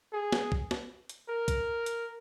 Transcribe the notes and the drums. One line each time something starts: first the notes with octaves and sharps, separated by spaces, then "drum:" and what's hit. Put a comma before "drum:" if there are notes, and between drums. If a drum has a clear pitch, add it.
G#4
drum: snare
drum: kick
drum: snare
drum: hi-hat
A#4
drum: kick, hi-hat
drum: hi-hat